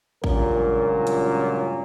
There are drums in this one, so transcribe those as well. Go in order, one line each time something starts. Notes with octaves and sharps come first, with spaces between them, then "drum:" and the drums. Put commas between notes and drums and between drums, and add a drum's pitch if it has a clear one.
C#2 G2 A#2 F#3 C#4 A#4, drum: kick A1
drum: hi-hat